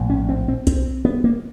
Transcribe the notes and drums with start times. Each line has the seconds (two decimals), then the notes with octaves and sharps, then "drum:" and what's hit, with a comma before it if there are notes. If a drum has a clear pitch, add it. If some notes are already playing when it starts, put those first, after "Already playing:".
Already playing: A#1 A2
0.10 C#4
0.29 C4
0.48 C4
0.67 C4, drum: kick B1, hi-hat
1.05 B3
1.24 A#3